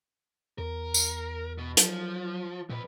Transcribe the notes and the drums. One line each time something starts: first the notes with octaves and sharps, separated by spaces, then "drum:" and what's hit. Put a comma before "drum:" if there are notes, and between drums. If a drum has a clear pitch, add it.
E2 A#4
drum: tambourine
B2
F3 F#3, drum: hi-hat
F2 A#2 B4